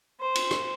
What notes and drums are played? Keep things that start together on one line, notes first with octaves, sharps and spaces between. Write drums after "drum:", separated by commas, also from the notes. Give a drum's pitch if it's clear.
C5
drum: cymbal
drum: rim click